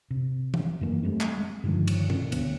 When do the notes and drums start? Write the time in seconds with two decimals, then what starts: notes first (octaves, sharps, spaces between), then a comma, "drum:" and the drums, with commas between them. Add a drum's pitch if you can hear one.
0.11 C3
0.54 drum: tom E3
0.81 F#2 E3 A#3
1.03 G3 A3 C4
1.21 drum: clap
1.38 G#3
1.63 G2 D3 D#3 F3
1.88 drum: cymbal
2.10 drum: tom B2
2.32 D#1 D2 B3, drum: cymbal